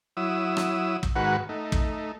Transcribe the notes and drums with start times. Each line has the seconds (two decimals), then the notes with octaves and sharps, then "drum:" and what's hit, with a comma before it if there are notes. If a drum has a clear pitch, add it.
0.17 F#3 E4 D#6 E6
0.57 drum: rim click
1.03 drum: kick
1.16 G#2 D#3 F#4 B4 F#5
1.49 A3 D#4
1.72 drum: kick